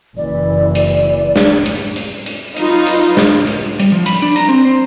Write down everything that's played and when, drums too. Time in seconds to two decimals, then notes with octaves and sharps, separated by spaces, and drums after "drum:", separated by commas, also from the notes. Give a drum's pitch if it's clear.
0.17 F#1 E3 D5
0.75 drum: hi-hat
1.36 drum: snare
1.66 drum: hi-hat
1.96 drum: hi-hat
2.26 drum: hi-hat
2.57 F#3 D#4 F4 B4 D#5 F5, drum: hi-hat
2.87 drum: hi-hat
3.17 drum: snare
3.47 drum: hi-hat
3.80 G3, drum: hi-hat
3.92 F3
4.06 B5, drum: hi-hat
4.22 D4
4.36 A#5, drum: hi-hat
4.49 C4
4.65 C5